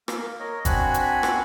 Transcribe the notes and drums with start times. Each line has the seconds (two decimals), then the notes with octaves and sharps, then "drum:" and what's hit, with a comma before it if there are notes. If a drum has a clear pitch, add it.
0.08 A#3, drum: rim click
0.40 A#4 C#5 D#5
0.65 C4 D4 F#4 F#5 G#5 B5, drum: kick, hi-hat
0.94 drum: hi-hat
1.23 drum: rim click